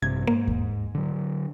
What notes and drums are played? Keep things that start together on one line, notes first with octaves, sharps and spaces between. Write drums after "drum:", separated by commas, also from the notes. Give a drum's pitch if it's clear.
A#1 G2 C3 G#6
G#2 A#3
drum: kick D#2
D3 F#3